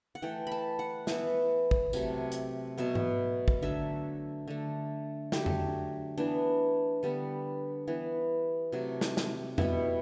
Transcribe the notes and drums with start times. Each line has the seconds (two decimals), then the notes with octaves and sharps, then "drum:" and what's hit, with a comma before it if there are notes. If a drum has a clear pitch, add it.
0.15 F#5
0.22 E3 A3 G5
0.47 A5 B5
0.79 F#5
1.07 E3 B3 E5, drum: snare
1.71 drum: kick
1.93 C3 F#3 A3, drum: tambourine
2.32 drum: hi-hat
2.78 B2 F#3 B3 E5
2.95 drum: tom G#2
3.48 drum: kick
3.62 D3 F#3 A3 E5
4.47 D3 A3
5.32 D3 F#3 A3 G4, drum: snare
5.46 drum: tom F2
6.18 E3 B3 D4
7.03 D3 G3 B3
7.87 E3 B3
8.72 C3 F#3 A3
9.01 drum: snare
9.17 drum: snare
9.58 B2 G3 B3 E4, drum: tom F2